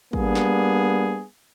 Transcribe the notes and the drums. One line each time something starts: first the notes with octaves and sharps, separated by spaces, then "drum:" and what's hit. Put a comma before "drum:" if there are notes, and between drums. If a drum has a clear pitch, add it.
G3 A#3 B3 D4 G#4, drum: kick
drum: snare